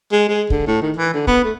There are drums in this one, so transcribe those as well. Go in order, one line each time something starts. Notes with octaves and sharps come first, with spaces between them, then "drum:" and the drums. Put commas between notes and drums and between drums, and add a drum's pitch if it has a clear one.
G#3
G#3
D3, drum: kick
A2
D#3
E3
D3
B3, drum: kick
A3